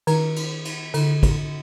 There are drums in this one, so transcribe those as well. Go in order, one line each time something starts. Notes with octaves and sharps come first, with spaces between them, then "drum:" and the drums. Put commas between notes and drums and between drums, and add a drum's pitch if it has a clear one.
D#3, drum: cymbal
drum: cymbal
drum: cymbal
D3, drum: cymbal
drum: kick, cymbal